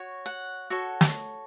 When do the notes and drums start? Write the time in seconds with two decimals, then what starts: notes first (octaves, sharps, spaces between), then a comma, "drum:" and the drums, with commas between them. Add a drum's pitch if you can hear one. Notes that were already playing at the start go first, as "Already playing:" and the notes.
Already playing: F#4 C#5
0.26 F#5
0.70 F#4 A4 C#5
1.01 drum: snare